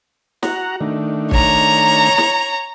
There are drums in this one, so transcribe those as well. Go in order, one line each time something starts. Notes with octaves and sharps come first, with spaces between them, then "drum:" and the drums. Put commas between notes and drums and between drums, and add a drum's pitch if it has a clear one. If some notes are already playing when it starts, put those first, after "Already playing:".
F#4 F#5 A#5, drum: snare
D#3 A3 D4
C#5 A#5, drum: kick
drum: snare